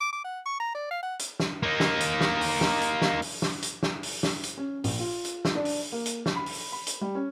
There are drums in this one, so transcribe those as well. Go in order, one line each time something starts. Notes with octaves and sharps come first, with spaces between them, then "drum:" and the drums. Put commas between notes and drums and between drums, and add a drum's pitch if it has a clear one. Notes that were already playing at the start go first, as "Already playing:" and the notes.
D6
D6
F#5
C#6
A#5
D5
F5
F#5
drum: hi-hat
drum: snare
A#3 D#4
drum: snare
drum: hi-hat
drum: snare
drum: open hi-hat
drum: snare
drum: hi-hat
drum: snare
drum: open hi-hat
drum: snare
drum: hi-hat
drum: snare
drum: open hi-hat
drum: snare
drum: hi-hat
C#4
A#1, drum: open hi-hat
F4
drum: hi-hat
drum: snare
D4
drum: open hi-hat
A#3
drum: hi-hat
drum: snare
B5
drum: open hi-hat
B5
drum: hi-hat
G3
C#4